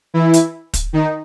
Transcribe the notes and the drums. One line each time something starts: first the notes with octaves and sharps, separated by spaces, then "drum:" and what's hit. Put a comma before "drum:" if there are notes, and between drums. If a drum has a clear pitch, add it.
E3 E4
drum: hi-hat
drum: kick, hi-hat
D#3 D#4